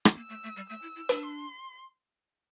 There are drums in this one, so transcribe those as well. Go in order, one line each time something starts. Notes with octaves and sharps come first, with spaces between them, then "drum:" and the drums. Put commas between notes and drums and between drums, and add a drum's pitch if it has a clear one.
drum: rim click
A#3 E6
A3
A3
G3
A3 E6
E4
E4
D4, drum: hi-hat
C6